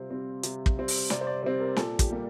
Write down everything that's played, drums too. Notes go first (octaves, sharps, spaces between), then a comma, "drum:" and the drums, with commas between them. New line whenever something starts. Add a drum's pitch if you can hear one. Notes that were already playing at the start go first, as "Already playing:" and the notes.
Already playing: C3 G3 C4 F4 C5
G3 C4
C3, drum: hi-hat
drum: kick
G3 C4
drum: open hi-hat
C3 D5, drum: snare
C5
D5
G3 C4 C5
A#4
A#2 A4, drum: snare
G4, drum: kick, hi-hat
G3 A#3